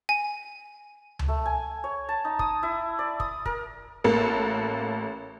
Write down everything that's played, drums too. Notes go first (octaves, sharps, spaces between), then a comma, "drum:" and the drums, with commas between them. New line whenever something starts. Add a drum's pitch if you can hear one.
G#5
drum: tom C#2
A3
G#5
C#5
A5
D#4
D#6, drum: kick
E4
D5
D#6, drum: kick
A#4, drum: kick
A1 A#3 A4